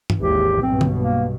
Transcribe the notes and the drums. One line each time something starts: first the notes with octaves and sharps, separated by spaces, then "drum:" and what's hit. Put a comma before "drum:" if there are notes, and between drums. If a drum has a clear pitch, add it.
drum: tom G2
G#1 D#2 E3 G4
B1 G2 B2 C4
drum: tom D3
A#3